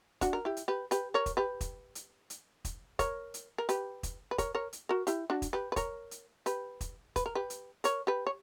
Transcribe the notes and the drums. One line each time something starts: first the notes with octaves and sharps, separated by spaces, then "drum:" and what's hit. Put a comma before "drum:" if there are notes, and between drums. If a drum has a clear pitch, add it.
D4 F#4, drum: kick, hi-hat
A#4
E4 G4
drum: hi-hat
G4 B4
G4 B4, drum: hi-hat
A#4 C#5
drum: kick, hi-hat
G4 B4
drum: kick, hi-hat
drum: hi-hat
drum: hi-hat
drum: kick, hi-hat
A#4 C#5, drum: kick, hi-hat
drum: hi-hat
A#4
G4 B4, drum: hi-hat
drum: kick, hi-hat
B4
A#4 C#5, drum: kick, hi-hat
A#4 C#5
drum: hi-hat
F#4 A#4
E4 G4, drum: hi-hat
D4 F#4
drum: kick, hi-hat
G4 B4
B4
A#4 C#5, drum: kick, hi-hat
drum: hi-hat
G4 B4, drum: hi-hat
drum: kick, hi-hat
B4, drum: kick, hi-hat
A#4
G4 B4
drum: hi-hat
A#4 C#5, drum: hi-hat
G4 B4
C#5